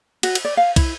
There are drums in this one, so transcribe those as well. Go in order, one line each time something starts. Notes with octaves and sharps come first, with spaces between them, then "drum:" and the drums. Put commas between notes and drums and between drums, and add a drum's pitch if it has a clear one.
F#4, drum: cymbal
drum: cymbal
D5
F5
E4, drum: kick, cymbal